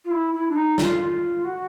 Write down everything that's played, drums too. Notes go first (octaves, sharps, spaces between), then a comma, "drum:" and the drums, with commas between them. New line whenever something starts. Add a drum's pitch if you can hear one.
F4
E4
E4
D4
D#4
F4, drum: snare
F4
F#4